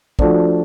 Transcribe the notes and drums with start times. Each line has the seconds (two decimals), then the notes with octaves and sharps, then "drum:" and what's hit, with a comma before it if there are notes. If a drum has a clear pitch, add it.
0.19 F3 A3 D4 F#4, drum: kick